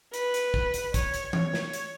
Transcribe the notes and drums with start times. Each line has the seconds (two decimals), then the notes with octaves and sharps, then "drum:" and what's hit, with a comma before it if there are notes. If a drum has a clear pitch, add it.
0.14 B4, drum: hi-hat
0.34 drum: hi-hat
0.54 drum: kick
0.74 drum: hi-hat
0.94 C#5, drum: kick, hi-hat
1.14 drum: hi-hat
1.33 C#5, drum: tom E3
1.54 drum: snare
1.73 drum: hi-hat